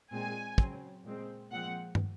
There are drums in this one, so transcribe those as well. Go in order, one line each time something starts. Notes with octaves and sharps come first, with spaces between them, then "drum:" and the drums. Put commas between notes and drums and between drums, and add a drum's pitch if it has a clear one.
A#2 G#3 C4 G#5
C#3 F#3 C4, drum: kick
A#2 G#3 C4
A#2 F3 G#3 C4 F#5
drum: tom